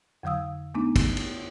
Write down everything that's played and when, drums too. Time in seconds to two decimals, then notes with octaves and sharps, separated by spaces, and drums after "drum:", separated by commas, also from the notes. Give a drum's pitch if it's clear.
0.23 F2 D3 F#3 F5 D#6 E6
0.74 A3 B3 D4 D#4 D6
0.96 drum: kick, cymbal
1.17 drum: cymbal